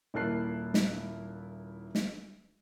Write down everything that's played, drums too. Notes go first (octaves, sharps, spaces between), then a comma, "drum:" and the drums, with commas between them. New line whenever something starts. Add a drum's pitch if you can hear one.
D#1 A#3 E4 A5 F#6 C7
drum: snare
drum: snare